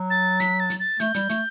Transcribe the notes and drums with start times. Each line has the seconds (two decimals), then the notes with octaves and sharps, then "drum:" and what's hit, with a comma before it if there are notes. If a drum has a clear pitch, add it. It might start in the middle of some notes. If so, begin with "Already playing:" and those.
Already playing: F#3
0.10 A6
0.40 B6, drum: hi-hat
0.60 A6
0.70 drum: hi-hat
0.80 A6
1.00 A3 G6, drum: hi-hat
1.14 G3, drum: hi-hat
1.29 A3, drum: hi-hat